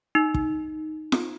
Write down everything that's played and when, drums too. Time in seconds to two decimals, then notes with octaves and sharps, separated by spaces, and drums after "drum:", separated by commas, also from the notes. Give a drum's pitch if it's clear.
0.15 D#4
0.34 drum: kick
1.12 drum: snare F4